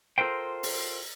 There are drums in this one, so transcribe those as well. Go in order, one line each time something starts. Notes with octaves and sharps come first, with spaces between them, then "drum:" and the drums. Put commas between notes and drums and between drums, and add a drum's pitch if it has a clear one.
F4 A4 A#4 C5 G5
drum: open hi-hat